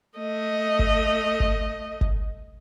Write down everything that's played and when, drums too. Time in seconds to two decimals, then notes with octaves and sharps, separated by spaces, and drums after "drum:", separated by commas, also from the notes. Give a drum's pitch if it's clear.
0.18 A3 D#5
0.79 drum: kick G#1
1.40 drum: kick G#1
2.01 drum: kick G#1